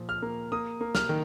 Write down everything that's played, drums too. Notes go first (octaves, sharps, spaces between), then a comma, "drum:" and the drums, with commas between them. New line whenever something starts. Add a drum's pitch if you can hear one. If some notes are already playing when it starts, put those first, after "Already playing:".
Already playing: A#2 F3
F6
A#3
A#3 D#6
A#3
F6, drum: snare
D#3